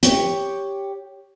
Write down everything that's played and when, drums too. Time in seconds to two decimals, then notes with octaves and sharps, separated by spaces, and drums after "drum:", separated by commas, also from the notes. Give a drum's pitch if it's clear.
0.03 G4 C#5, drum: hi-hat